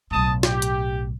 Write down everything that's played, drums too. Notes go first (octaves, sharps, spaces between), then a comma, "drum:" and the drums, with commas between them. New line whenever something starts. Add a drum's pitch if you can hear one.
B1 A2 A5 D#6
G4, drum: snare
drum: hi-hat